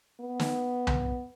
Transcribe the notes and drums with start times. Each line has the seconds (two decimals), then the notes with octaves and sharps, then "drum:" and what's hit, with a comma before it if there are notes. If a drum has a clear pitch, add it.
0.20 B3
0.40 drum: snare
0.87 drum: tom C2